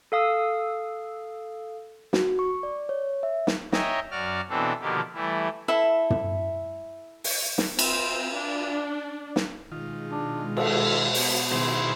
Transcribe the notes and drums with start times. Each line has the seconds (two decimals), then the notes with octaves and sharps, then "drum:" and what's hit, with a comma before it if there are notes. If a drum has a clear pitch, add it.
0.12 A4 F5 D#6 E6
2.13 F#4, drum: snare
2.39 C#6
2.63 D5
2.89 C#5
3.23 E5
3.47 drum: snare
3.72 C#5 D#5 E5 G5 G#5 A#5, drum: snare
4.11 F#2 F#4 D5 F6
4.49 B2 E3 C4 D4 A4
4.81 B2 D3 D#3 F3 A#3 G4
5.14 E3 G3 A3 E4
5.68 E4 A4 E5
6.10 drum: tom
7.24 drum: open hi-hat
7.58 drum: snare
7.79 C4, drum: cymbal
8.36 D4
9.36 drum: snare
9.72 B2 D#3 G#3 F4
10.11 D4
10.57 A4, drum: cymbal
11.15 B3, drum: open hi-hat
11.52 B2 D#3 E4 G#4 C5